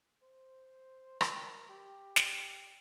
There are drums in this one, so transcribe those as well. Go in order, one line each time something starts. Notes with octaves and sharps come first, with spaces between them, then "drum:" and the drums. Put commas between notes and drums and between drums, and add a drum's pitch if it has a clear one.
C5
A#4, drum: rim click
G4
drum: snare